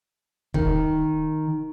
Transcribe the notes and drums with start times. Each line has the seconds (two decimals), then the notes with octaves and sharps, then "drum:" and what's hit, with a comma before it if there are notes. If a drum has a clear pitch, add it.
0.54 D#3, drum: kick